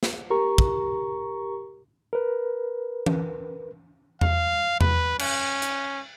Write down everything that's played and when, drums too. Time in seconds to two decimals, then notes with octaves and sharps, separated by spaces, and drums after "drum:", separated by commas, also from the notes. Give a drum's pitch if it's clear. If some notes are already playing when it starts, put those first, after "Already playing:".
0.03 drum: snare
0.30 G4 A#4 A#5 C#6
0.58 drum: kick
2.13 A#4 B4
3.06 drum: tom E3
4.21 F5, drum: tom E2
4.81 B4, drum: tom E2
5.19 C#4, drum: cymbal
5.62 drum: hi-hat